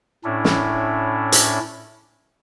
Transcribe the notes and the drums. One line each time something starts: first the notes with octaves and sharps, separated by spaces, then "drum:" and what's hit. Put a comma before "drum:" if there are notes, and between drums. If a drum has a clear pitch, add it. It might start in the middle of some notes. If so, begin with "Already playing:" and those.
A2 C#4 D4 E4
drum: snare
drum: hi-hat